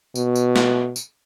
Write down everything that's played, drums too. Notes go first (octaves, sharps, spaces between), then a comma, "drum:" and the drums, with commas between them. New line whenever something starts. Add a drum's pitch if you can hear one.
B2, drum: tambourine
drum: tambourine
drum: snare
drum: tambourine